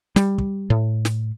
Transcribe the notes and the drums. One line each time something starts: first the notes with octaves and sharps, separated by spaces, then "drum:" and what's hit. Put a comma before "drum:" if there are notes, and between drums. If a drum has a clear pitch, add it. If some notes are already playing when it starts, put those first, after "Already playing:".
G3, drum: snare
drum: kick
A2
drum: snare